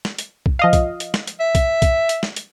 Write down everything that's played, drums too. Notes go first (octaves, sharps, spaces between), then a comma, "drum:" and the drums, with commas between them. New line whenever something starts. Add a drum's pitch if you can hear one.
drum: snare
drum: hi-hat
drum: kick
F3 D#5 F5
drum: kick, hi-hat
drum: hi-hat
drum: snare
drum: hi-hat
E5
drum: kick, hi-hat
drum: kick, hi-hat
drum: hi-hat
drum: snare
drum: hi-hat